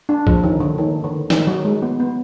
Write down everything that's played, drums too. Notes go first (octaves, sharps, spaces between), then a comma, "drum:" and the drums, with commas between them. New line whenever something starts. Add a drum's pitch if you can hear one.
D4
F3, drum: kick B1
D#3
D3
D#3
D3
D#3, drum: snare
F#3
G#3
B3
B3